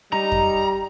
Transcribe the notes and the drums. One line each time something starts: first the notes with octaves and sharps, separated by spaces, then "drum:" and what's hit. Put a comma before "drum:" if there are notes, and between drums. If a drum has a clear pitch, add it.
G3 D#4 A#5
drum: kick F2